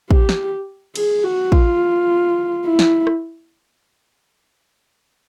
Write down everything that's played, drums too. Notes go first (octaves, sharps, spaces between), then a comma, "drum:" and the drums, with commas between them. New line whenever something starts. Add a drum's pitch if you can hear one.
G4, drum: kick
drum: snare
G#4, drum: cymbal
F#4
F4, drum: kick
E4
drum: snare
drum: rim click